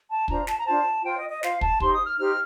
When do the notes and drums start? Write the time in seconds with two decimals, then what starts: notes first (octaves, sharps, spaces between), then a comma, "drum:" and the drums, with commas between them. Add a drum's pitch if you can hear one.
0.09 A5
0.28 D4 F4 C5 A#5, drum: kick
0.47 A5, drum: snare
0.58 A#5
0.67 D4 F4 C5 A5
1.04 F4 C5 G5
1.17 D#5
1.30 D#5
1.43 F4 C5 F5, drum: snare
1.61 A5, drum: kick
1.80 D#4 G4 C5 C6, drum: kick
1.93 D#6
2.05 F6
2.18 D#4 G4 C5 F6